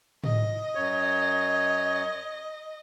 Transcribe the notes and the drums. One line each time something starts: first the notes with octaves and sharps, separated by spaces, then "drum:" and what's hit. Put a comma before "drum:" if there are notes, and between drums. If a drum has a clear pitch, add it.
D#5, drum: tom
F#2 C#5